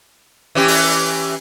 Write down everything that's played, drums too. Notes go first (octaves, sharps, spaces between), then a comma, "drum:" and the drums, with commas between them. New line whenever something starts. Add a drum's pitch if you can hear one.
E3 C#4 G4
drum: open hi-hat